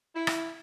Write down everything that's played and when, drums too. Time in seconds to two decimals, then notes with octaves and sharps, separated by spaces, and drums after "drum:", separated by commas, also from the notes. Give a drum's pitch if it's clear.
0.15 E4
0.27 drum: rim click